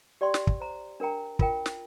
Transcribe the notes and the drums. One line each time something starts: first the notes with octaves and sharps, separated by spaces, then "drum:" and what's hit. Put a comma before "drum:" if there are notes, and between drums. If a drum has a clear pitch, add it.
G4 D5 G5 C6
drum: snare
drum: kick
C5 A#5
D4 A#4 G5 A#5
F4 A#4 G5, drum: kick
drum: snare